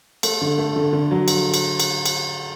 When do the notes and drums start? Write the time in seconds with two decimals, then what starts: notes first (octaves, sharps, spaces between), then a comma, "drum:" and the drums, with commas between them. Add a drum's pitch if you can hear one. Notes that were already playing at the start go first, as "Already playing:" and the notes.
0.23 A3, drum: cymbal
0.41 D3
0.58 A3
0.76 D3
0.93 D3
1.11 F#3
1.28 drum: cymbal
1.54 drum: cymbal
1.80 drum: cymbal
2.06 drum: cymbal